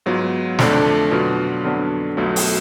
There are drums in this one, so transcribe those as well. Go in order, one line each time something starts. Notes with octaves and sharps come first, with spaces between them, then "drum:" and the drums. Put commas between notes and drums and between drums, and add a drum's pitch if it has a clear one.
G#2 F#3 B3 F4
F2 D3 F3 A3 D4, drum: snare
B2 F#3 B3 D4 F4
F2 D3 F#3 B3 D4
B1 B2 F#3 A3 F4
drum: open hi-hat